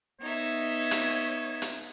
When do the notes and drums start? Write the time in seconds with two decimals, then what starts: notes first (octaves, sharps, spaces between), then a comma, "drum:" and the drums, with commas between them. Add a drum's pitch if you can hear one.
0.21 B3 D#4 C#5 E5
0.91 drum: hi-hat
1.62 drum: hi-hat